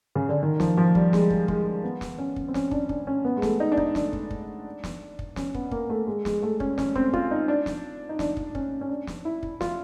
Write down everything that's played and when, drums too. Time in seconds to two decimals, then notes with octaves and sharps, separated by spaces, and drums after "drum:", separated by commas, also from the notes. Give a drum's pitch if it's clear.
0.16 C#3
0.29 D3
0.42 D#3
0.60 F3, drum: snare
0.78 F3
0.95 G3, drum: kick
1.13 G#3, drum: snare
1.30 drum: kick
1.48 G#3, drum: kick
1.84 B3
2.01 drum: snare
2.18 C#4
2.36 drum: kick
2.48 C4
2.54 C#4, drum: snare
2.71 D4, drum: kick
2.89 D4, drum: kick
3.07 C#4
3.25 B3
3.37 G#3
3.42 A3, drum: snare
3.60 D#4
3.72 D4
3.77 D#4, drum: kick
3.95 D4, drum: snare
4.13 drum: kick
4.31 drum: kick
4.84 drum: snare
5.19 drum: kick
5.36 C#4, drum: snare
5.54 B3, drum: kick
5.71 A#3, drum: kick
5.90 A3
6.07 G#3
6.25 G#3, drum: snare
6.43 A3
6.60 C#4, drum: kick
6.78 C#4, drum: snare
6.96 C4, drum: kick
7.14 F4, drum: kick
7.31 D#4
7.48 D4
7.66 drum: snare
8.09 D#4
8.19 D4, drum: snare
8.37 drum: kick
8.55 C#4, drum: kick
8.81 C#4
8.89 D4
9.07 drum: snare
9.25 E4
9.43 drum: kick
9.61 F4, drum: snare